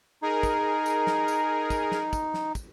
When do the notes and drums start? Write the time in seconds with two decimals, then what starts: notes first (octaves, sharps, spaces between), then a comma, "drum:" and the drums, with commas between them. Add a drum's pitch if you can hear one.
0.22 D#4 G#4 A#4
0.43 drum: kick, tambourine
0.86 drum: tambourine
1.07 drum: snare
1.28 drum: tambourine
1.70 drum: kick, tambourine
1.92 drum: snare
2.13 drum: kick, tambourine
2.34 drum: snare
2.55 drum: kick, tambourine